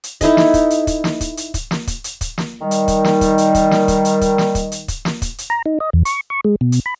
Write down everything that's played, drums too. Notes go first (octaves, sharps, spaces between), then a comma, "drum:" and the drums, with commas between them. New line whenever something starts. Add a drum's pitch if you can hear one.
drum: hi-hat
D#4 E4 A4 D#5, drum: kick, hi-hat
drum: snare
drum: kick, hi-hat
drum: hi-hat
drum: kick, hi-hat
drum: snare
drum: kick, hi-hat
drum: hi-hat
drum: kick, hi-hat
drum: snare
drum: kick, hi-hat
drum: hi-hat
drum: kick, hi-hat
drum: snare
D#3 G3
drum: hi-hat
drum: kick, hi-hat
drum: snare
drum: kick, hi-hat
drum: hi-hat
drum: kick, hi-hat
drum: snare
drum: kick, hi-hat
drum: hi-hat
drum: kick, hi-hat
drum: snare
drum: kick, hi-hat
drum: hi-hat
drum: kick, hi-hat
drum: snare
drum: kick, hi-hat
drum: hi-hat
A#5
D#4
D#5
E2
C#6, drum: hi-hat
C#6
G#3
B2
drum: hi-hat
B5